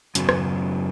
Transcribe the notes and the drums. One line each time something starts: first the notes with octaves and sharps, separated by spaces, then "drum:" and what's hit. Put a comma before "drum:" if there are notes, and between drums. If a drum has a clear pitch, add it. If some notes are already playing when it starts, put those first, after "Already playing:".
F#2 C#3 F#3 B3, drum: hi-hat
drum: rim click